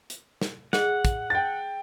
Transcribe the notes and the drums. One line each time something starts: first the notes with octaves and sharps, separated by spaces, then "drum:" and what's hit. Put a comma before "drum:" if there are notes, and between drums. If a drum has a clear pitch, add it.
drum: hi-hat
drum: snare
G#4 D#5 F#5, drum: snare
drum: kick, hi-hat
G5 A5 A6